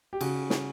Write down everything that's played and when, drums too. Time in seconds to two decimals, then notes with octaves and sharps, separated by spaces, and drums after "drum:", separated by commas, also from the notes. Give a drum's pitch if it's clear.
0.13 G4
0.21 C#3 F#4, drum: cymbal
0.50 drum: snare